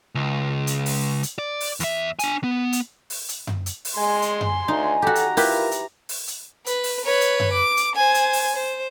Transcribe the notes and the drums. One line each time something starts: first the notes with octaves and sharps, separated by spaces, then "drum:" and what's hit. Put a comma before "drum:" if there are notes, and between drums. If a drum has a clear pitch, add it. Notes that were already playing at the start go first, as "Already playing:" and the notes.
C#2
drum: hi-hat
drum: open hi-hat
drum: hi-hat
D5
drum: open hi-hat
E2 E5, drum: hi-hat
D4 G#5, drum: hi-hat
B3
drum: hi-hat
drum: open hi-hat
drum: hi-hat
drum: tom F#2
drum: hi-hat
drum: open hi-hat
G#3 G#5 C6
drum: hi-hat
drum: tom F#2
D2 D#4
F#4 G4 A4 A#5
drum: hi-hat
E4 F4 G4 A#4 B4, drum: open hi-hat
drum: hi-hat
drum: open hi-hat
drum: hi-hat
B4, drum: hi-hat
drum: open hi-hat
B4 C#5
drum: hi-hat
drum: tom F#2
D6
drum: hi-hat
C5 G#5
drum: hi-hat
drum: open hi-hat
C5